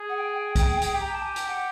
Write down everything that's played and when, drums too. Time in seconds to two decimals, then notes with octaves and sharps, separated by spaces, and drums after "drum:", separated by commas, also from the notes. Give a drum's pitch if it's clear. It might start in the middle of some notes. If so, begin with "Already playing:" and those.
Already playing: G#4
0.09 F#5
0.17 G5
0.55 drum: kick, hi-hat
0.82 drum: hi-hat
0.94 G4
1.00 A#5
1.12 A5
1.23 G#5
1.36 G5, drum: hi-hat
1.47 F#5